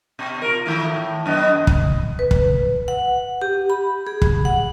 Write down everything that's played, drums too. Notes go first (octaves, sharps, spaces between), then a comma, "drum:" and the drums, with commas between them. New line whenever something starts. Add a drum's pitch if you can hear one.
B2
F4 A#4
D#3 A3 E4
A2
F#2 B3 D#5
drum: kick
B4
drum: kick
F#5
G4
B5
G#4
drum: kick
F#5